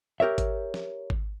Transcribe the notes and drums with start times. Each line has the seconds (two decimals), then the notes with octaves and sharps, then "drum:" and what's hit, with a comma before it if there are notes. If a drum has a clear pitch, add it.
0.20 G4 A#4 C#5 E5
0.38 drum: kick G#1, hi-hat
0.74 drum: snare
1.10 drum: kick G#1